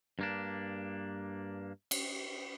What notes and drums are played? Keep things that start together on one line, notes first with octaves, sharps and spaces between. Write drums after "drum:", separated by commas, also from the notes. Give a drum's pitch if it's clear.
G2 A#3 D4
drum: cymbal